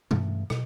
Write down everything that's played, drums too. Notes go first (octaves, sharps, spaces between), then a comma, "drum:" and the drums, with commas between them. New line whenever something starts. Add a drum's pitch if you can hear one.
G2 E3 A3 C#4, drum: tom B2
B2, drum: rim click